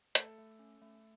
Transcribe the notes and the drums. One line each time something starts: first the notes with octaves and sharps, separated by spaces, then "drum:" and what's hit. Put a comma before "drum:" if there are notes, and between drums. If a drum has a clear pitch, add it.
A3 A4, drum: hi-hat
A3
C#4
A3